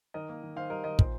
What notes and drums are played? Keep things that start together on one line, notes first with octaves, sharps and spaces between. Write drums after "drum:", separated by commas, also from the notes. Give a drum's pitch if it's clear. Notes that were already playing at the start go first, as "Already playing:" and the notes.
D#3 A#4 D#5
A#3
D#3
D#3 C5 F5
G3 A#4 D#5
D#3 A#4 D#5
A#2 C5, drum: kick